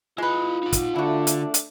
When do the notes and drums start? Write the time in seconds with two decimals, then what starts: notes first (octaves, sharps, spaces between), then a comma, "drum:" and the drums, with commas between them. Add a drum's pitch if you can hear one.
0.18 G#3 E4 F4 B4 D#5
0.63 D#4 F#5
0.73 drum: kick, hi-hat
0.96 D3 A3 D4 E4 F#4
1.27 drum: hi-hat
1.54 drum: hi-hat